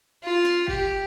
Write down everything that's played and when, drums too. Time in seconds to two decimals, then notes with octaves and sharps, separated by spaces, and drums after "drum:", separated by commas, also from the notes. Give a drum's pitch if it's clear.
0.23 F4
0.45 drum: snare
0.68 G4, drum: kick